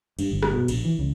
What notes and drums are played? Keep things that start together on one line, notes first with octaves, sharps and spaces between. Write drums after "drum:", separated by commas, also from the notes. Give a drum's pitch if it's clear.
G2, drum: cymbal
G1
drum: rim click
B2
A#1, drum: cymbal
E3
C#2